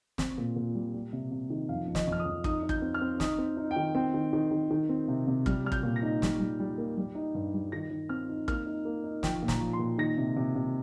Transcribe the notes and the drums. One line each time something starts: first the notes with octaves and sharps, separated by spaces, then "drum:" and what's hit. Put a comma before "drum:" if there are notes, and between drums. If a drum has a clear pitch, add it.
C4, drum: snare
A#2
A#2
G3
G3
C3
C3
D#3
F2 F5
F2
D#5, drum: snare
F2 F6
D#6
F2
D#4 D#6, drum: kick
D#4
G6, drum: kick
C4
F6
C4
D#4 D#6, drum: snare
C4
D#4
G5
D#3
C4 G5
D#3
D#3
D#3
D#3
C4
C3
C3
G3 F6, drum: kick
G3 F6
G6, drum: kick
A#2
A#6
D#4
G3, drum: snare
G3
G3
A#3
G3
D#4
G2
G3
D#3 A#6
D#3
C4 F6
D#4
A#3 F6, drum: kick
D#4
A#3
D#4
F3 G5, drum: snare
A#2
A#5, drum: snare
F3
C6
A#2
D#3 A#6
C3
C3
C3